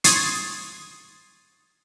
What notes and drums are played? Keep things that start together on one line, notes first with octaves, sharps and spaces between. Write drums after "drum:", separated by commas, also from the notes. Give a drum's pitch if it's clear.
C6 C#6 D#6 G#6 A6, drum: hi-hat